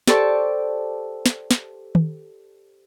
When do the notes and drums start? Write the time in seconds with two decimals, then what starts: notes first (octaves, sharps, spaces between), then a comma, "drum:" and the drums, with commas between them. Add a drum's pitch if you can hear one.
0.08 G4 A4 C5 D5 A5 C#6, drum: snare
1.26 drum: snare
1.51 drum: snare
1.95 drum: tom D#3